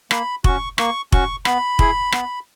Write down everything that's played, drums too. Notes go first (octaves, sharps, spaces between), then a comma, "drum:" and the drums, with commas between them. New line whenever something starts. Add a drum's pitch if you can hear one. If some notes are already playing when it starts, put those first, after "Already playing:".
A#3 B5, drum: rim click
C#4 F#4 C#6, drum: kick
A#3 C#6, drum: rim click
C#4 F#4 C#6, drum: kick
B3 B5, drum: rim click
E4 G#4, drum: kick
B3, drum: rim click